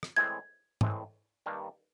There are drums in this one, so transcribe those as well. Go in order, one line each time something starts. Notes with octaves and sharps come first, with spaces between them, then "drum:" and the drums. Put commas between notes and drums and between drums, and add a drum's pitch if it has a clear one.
drum: rim click
A2 E3 G#3 C4 G#6
A2 E3 G#3 C4, drum: tom G#2
G2 D#3 G3 A#3 D4